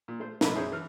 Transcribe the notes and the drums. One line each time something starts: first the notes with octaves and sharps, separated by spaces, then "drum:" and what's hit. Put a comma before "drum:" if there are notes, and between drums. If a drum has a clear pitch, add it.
A#2
A3 C5
A1 B2 F3 B3 A4 B5, drum: snare
F#2 E4 G#4 C5 C#5
E3 F6